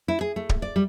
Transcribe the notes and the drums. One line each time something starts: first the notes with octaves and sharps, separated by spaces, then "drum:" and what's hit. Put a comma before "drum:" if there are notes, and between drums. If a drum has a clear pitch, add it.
E4
G#4
A3
drum: kick
D5
G3